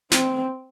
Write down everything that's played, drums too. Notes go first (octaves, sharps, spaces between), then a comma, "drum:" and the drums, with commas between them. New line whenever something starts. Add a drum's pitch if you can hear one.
C4, drum: snare